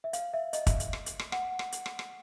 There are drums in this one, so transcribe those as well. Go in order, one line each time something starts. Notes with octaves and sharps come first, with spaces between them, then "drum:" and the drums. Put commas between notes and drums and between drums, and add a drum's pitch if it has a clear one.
E5
F5, drum: hi-hat
E5
D#5, drum: hi-hat
drum: kick, hi-hat
drum: hi-hat
drum: rim click
drum: hi-hat
drum: rim click
F#5, drum: rim click
drum: rim click
drum: hi-hat
drum: rim click
drum: rim click